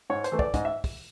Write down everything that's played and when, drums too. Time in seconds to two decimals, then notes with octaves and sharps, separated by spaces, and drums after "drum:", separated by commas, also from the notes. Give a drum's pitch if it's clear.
0.10 G#2 C#5
0.24 C5, drum: hi-hat
0.32 E3 A3
0.39 D5, drum: kick
0.54 G#2 D#5, drum: kick, hi-hat
0.65 E5
0.84 drum: kick, open hi-hat